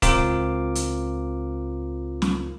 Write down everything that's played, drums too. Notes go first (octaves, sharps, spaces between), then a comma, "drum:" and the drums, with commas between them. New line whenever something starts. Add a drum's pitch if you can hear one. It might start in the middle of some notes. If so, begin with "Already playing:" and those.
C#2 C4 F4 A#4 D6, drum: kick, hi-hat
drum: hi-hat
drum: snare